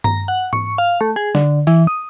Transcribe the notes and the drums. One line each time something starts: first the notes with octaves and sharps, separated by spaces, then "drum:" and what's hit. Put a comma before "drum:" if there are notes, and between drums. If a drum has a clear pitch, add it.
A#5, drum: tom G2
F#5
C#6, drum: tom G#2
F5
A3
G#4
D3, drum: snare
E3, drum: open hi-hat
D#6